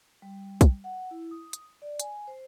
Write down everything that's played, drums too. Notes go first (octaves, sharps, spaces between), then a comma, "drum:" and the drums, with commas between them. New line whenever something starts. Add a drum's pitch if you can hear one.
G3
drum: kick, hi-hat
F#5
E4
D#6
drum: hi-hat
D5
G#5, drum: hi-hat
C5